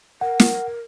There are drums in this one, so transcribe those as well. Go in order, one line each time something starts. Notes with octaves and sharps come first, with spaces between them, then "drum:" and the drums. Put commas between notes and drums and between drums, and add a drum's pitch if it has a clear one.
A#4 F#5
drum: snare